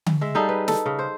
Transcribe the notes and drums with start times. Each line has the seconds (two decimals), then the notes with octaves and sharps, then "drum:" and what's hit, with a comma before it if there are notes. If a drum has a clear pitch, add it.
0.06 drum: tom D3
0.21 G#3 E5
0.35 G3 D#4 G#4 A4
0.49 B4
0.68 A4, drum: snare
0.86 C#3
0.99 C5